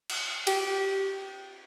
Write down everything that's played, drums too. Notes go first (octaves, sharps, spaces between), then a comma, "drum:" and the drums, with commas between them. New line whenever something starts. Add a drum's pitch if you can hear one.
drum: cymbal
G4, drum: cymbal